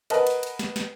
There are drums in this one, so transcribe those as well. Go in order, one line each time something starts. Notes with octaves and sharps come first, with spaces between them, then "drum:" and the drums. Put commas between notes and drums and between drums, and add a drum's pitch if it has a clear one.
A#4 B4 D#5 F#5 A5, drum: cymbal
drum: cymbal
drum: cymbal
drum: snare
drum: snare